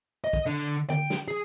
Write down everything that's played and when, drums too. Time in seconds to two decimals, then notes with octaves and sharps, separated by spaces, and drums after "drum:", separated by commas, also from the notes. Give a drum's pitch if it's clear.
0.24 D#5
0.33 drum: kick
0.46 D3
0.90 G5, drum: tom D3
1.10 drum: snare
1.28 G#4